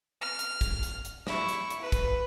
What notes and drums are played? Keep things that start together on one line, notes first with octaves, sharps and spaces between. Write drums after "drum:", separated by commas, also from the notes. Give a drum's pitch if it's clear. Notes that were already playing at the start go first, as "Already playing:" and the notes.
F6
drum: hi-hat
drum: kick, hi-hat
drum: hi-hat
drum: hi-hat
E4 C#6, drum: snare
drum: hi-hat
drum: hi-hat
B4
drum: kick, hi-hat